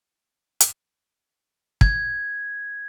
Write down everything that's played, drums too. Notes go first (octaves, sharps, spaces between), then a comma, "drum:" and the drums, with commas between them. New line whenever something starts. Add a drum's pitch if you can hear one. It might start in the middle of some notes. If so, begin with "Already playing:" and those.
drum: hi-hat
G#6, drum: kick